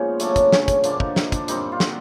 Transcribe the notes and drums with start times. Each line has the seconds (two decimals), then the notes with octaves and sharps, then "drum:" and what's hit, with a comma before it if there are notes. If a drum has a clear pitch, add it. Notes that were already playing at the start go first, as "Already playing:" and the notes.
Already playing: A#2 F3 G#3 B3 C#4 D#4
0.20 C#3 F#3 A3 D4, drum: hi-hat
0.36 drum: kick, hi-hat
0.52 C#4, drum: snare
0.68 drum: kick, hi-hat
0.84 D3 F3 A#3 D4, drum: hi-hat
1.00 D#4, drum: kick
1.16 D#4, drum: snare
1.32 D4, drum: kick, hi-hat
1.48 A#2 G3 C4 D#4, drum: hi-hat
1.72 F4
1.80 F#4, drum: snare